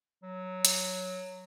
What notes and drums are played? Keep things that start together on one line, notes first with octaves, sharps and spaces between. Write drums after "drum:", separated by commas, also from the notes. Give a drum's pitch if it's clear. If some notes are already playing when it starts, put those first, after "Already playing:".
F#3
drum: hi-hat